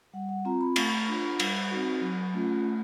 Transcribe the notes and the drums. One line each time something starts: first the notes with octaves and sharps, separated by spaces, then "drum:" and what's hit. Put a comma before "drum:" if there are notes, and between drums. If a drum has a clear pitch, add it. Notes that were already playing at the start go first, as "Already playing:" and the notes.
G3 F#5
F#5
C4 F4 A#5
B5
A3, drum: cymbal
D4 F4
G3, drum: cymbal
C4 D#4 F#4
F#3 B5
A3 C#4 F4
A3